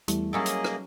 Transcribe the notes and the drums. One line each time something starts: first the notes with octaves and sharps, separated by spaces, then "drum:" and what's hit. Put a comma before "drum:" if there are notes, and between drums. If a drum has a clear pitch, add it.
E2 E3 G3 A3, drum: hi-hat
F#3 A#3 C#4 E4 G#4 A4 D#5 D6
drum: hi-hat
drum: rim click